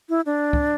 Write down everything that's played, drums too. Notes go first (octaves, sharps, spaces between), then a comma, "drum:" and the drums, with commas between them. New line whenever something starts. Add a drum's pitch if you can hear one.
E4
D4
drum: kick